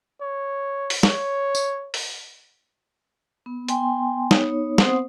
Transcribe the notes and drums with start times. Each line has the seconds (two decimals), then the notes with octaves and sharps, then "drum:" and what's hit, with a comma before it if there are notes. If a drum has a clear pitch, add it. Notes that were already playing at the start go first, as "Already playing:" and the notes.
0.21 C#5
0.90 drum: open hi-hat
1.03 C#5, drum: snare
1.55 drum: tambourine
1.94 drum: open hi-hat
3.46 B3
3.68 B3 G5 G#5 C6, drum: hi-hat
4.31 B3 D#4 C#5, drum: snare
4.78 B3 C4 C5 F#5 D#6, drum: snare